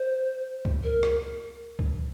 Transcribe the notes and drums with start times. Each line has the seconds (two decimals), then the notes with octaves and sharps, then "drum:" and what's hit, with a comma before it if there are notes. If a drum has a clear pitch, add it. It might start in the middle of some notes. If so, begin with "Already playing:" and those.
Already playing: C5
0.65 drum: kick C#2
0.84 A#4
1.03 drum: rim click
1.79 drum: kick C#2